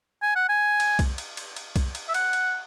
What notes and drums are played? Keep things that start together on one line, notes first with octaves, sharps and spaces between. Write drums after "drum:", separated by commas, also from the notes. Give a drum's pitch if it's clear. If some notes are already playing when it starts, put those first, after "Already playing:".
G#5
F#5
G#5
drum: cymbal
drum: kick C2, cymbal
drum: cymbal
drum: cymbal
drum: cymbal
drum: kick C2, cymbal
drum: cymbal
E5
F#5, drum: cymbal
drum: cymbal